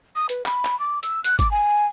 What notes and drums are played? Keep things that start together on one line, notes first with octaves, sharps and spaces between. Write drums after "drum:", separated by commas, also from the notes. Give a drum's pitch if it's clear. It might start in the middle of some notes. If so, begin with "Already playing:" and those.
D#6
B4, drum: hi-hat
B5, drum: clap
drum: clap
D6
E6, drum: hi-hat
F#6, drum: hi-hat
D6, drum: kick G1, hi-hat
G#5